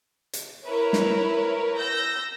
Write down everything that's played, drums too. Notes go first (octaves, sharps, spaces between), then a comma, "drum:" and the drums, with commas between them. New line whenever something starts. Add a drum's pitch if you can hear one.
drum: hi-hat
E4 A#4 B4 C#5
drum: snare
E6 G6 A#6